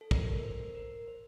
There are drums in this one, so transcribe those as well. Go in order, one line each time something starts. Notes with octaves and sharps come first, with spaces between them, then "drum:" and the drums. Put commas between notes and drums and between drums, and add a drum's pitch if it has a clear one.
A4
A#4, drum: kick
A#4
C5
A#4
C5